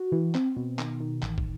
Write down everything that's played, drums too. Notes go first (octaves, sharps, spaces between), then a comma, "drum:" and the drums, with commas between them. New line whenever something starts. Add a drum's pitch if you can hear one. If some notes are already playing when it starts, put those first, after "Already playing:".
Already playing: F#4
E3
C4, drum: clap
B2
D#3, drum: clap
D#3
A1, drum: clap
drum: kick